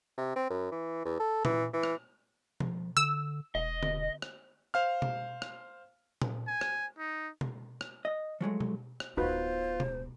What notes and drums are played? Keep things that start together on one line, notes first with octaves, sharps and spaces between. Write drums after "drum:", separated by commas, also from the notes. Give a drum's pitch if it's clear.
C3
C4
F#2
E3
E2
A4
E3, drum: tom A#2
E3
drum: rim click
F3, drum: tom B2
D3 E6
E1 D#5
drum: tom D3
drum: rim click
C5 F5 F6
drum: tom B2
drum: rim click
drum: tom A#2
G#5
drum: rim click
D#4
drum: tom B2
drum: rim click
D#5
F3 F#3 G#3 A3
drum: tom B2
drum: rim click
D1 B3 D#4 F4 F#4 B4 C5
drum: tom B2